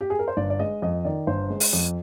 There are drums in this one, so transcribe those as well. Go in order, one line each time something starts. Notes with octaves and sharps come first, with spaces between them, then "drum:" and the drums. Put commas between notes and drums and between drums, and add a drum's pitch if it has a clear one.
G4
G#4
A#4
C5
G1 D5
D5
G#3 D#5
F2 D#5
D#3 D5
G1 C5
G#3
drum: open hi-hat
F2